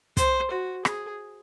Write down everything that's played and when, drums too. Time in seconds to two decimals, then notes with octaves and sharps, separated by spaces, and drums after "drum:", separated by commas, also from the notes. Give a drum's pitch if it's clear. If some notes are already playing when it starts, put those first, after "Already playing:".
0.17 C5, drum: kick, hi-hat
0.51 F#4
0.85 G#4, drum: rim click